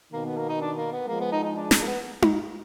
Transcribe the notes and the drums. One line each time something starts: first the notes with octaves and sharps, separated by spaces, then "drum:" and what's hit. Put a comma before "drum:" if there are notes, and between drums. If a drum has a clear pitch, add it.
B2 D#3 A#3
B3
A#3
D#4
D4
A#3
B3
F3 G#3 A#3
B3
D#4
D#4
D4
D#4, drum: snare
A#3
B3
drum: tom D#4